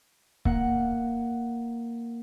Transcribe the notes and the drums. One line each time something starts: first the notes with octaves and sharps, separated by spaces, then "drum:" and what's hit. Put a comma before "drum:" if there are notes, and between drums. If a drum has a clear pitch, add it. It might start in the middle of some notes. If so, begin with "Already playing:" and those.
A#3 F#5, drum: kick C#1